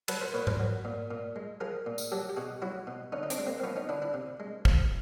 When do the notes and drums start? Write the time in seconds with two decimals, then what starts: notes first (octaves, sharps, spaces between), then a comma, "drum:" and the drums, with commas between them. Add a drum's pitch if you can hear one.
0.08 F#3 A4 B4, drum: cymbal
0.21 A#4 C5
0.34 A#2 B4 C#5
0.47 A#4 C5, drum: tom G#2
0.60 F#3
0.85 A#2
1.11 A#2
1.36 G#3
1.61 F3 G#4 A#4
1.86 A#2
1.98 drum: tambourine
2.12 F#3 G4 A4
2.29 G4
2.37 B2 F#4 G#4
2.62 F#3 E4 F#4
2.87 B2
3.12 D3 C#4 D#4
3.23 D#4
3.30 C4 D4, drum: hi-hat
3.39 G#3
3.47 A#3 C4
3.60 C4
3.64 F3 B3 C#4
3.76 C#4 D#4
3.89 D3 D4 E4
4.02 D4 E4
4.14 C3
4.40 G#3
4.65 F3, drum: kick